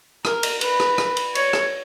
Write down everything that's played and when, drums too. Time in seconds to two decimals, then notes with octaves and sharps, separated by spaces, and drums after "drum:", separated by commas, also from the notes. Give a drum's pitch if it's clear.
0.25 A#4, drum: rim click
0.43 drum: cymbal
0.61 B4, drum: cymbal
0.80 drum: rim click
0.98 drum: rim click
1.17 drum: cymbal
1.35 C#5, drum: cymbal
1.53 drum: rim click